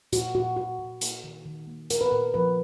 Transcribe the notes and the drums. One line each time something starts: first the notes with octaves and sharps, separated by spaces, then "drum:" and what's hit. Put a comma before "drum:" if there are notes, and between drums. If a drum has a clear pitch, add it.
A#2 F#4, drum: hi-hat
A#2 F#4
A#2 F#4
A#2
A#3, drum: hi-hat
D#3
D#3
A#3
A#2 A#4, drum: hi-hat
B4
A#2 A#4
F3 B4